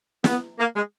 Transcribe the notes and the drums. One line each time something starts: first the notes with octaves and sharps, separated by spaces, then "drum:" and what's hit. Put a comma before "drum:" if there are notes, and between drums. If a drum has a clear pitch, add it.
B3, drum: snare
A#3
G#3